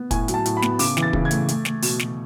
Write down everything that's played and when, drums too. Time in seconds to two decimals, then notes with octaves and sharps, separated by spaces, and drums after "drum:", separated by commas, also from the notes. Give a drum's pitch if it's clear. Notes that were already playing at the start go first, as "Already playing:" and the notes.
Already playing: B3
0.11 A2 G#5, drum: kick, hi-hat
0.28 F#3, drum: hi-hat
0.34 A5
0.46 A2, drum: hi-hat
0.57 B5
0.62 B3, drum: snare
0.79 C#3 D6, drum: open hi-hat
0.97 E3, drum: snare
1.02 A6
1.13 C#3, drum: kick
1.25 G#6
1.31 A3, drum: hi-hat
1.48 A3, drum: hi-hat
1.65 A3, drum: snare
1.82 B2, drum: open hi-hat
1.99 B2, drum: snare